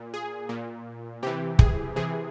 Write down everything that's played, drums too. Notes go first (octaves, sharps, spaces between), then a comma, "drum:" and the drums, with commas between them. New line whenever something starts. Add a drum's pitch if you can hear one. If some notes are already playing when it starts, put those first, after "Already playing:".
Already playing: A#2
G#4
A#2
C3 E3 G4
G#4, drum: kick
C3 E3 G#4